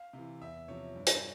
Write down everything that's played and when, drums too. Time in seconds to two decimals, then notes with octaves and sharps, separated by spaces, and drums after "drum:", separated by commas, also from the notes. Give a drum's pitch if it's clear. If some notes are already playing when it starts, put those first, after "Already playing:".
Already playing: F5
0.13 C3 E3
0.41 E2 E5
0.68 C3 F3 C#5
0.96 G2
1.06 drum: hi-hat